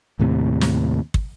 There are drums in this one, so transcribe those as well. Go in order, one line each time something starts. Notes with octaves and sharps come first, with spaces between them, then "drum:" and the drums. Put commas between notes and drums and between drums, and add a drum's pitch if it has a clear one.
D#2 A2 C3
drum: snare
drum: kick